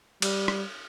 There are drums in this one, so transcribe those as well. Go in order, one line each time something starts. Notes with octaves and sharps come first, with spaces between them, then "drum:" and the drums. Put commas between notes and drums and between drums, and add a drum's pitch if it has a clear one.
G3, drum: cymbal
drum: rim click